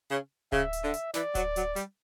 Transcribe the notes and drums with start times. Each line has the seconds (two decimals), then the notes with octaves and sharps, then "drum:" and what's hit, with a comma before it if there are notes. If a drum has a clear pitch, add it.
0.10 C#3
0.52 C#3 E5, drum: kick D1
0.73 drum: hi-hat
0.83 D3
0.94 drum: hi-hat
1.14 E3 D5, drum: snare
1.35 F#3, drum: kick D1, hi-hat
1.56 F#3, drum: hi-hat
1.76 G3, drum: hi-hat